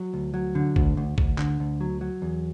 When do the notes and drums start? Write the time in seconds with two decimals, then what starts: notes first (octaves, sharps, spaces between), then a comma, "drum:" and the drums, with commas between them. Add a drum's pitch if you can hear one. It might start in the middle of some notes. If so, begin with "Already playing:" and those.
Already playing: F#3
0.14 D2
0.34 F#3
0.55 D3
0.76 D2, drum: kick
0.97 D2
1.18 D2, drum: kick
1.38 D3, drum: clap
1.60 D2
1.81 F#3
2.01 F#3
2.22 E2